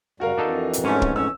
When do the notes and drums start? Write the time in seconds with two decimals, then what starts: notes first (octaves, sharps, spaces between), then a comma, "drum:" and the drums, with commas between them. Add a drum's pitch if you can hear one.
0.20 F#2 C#3 G3 F#4 A#4 F5
0.38 F2 E3 D4 D#4 A4
0.73 drum: hi-hat
0.84 G#2 A3 C#4
1.02 drum: kick
1.16 C#4 E6